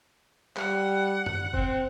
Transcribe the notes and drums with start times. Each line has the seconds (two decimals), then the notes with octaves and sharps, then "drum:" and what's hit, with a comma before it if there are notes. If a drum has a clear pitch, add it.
0.57 G3 F#5, drum: clap
1.26 drum: tom F#2
1.54 C4, drum: kick F1